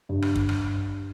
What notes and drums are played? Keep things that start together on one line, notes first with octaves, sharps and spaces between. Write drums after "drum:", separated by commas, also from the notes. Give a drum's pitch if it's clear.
G2
drum: rim click
drum: kick
drum: rim click